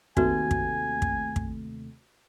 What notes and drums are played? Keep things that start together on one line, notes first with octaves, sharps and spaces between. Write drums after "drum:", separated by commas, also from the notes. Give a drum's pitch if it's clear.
D#2 C3 A3 F#4 B4 G#5, drum: kick
drum: kick
drum: kick
drum: kick